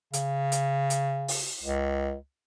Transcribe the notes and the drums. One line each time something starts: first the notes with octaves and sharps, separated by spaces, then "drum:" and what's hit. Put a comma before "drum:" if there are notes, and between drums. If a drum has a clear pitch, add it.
C#3, drum: hi-hat
drum: hi-hat
drum: hi-hat
drum: open hi-hat
C#2